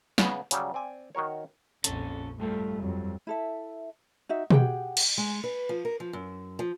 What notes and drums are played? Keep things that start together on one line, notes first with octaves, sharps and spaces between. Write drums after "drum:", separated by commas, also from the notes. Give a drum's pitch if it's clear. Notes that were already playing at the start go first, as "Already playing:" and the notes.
C#3 B3, drum: snare
C#3 F#3 G3, drum: hi-hat
C4 D5 G#5
D#3 F#4 A#4 C#5
A#1 F2 C#4 A4, drum: hi-hat
G2 F3 G3 A3
F2 F#3
E4 A4 E5
D#4 F#4 E5
G4 G#4 F#5 G5, drum: tom B2
drum: cymbal
G#3
B4
F3
A#4
F3
F#2
F3